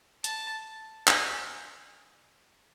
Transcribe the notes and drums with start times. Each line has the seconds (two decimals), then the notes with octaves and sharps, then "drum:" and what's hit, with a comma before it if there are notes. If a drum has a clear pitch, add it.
0.24 A5, drum: hi-hat
1.07 G#5, drum: clap